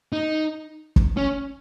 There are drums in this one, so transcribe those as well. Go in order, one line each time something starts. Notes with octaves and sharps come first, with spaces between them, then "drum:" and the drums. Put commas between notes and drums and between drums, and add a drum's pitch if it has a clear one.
D#4
drum: kick
C#4